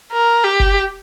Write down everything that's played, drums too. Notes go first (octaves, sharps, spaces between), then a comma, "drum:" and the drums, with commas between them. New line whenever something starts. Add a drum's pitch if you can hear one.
A#4
G4
drum: kick F#1